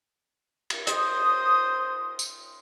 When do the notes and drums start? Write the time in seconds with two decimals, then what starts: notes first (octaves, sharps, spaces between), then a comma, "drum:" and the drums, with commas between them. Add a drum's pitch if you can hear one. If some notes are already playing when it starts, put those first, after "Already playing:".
0.70 drum: cymbal
0.87 C5 D#6, drum: hi-hat
2.19 drum: tambourine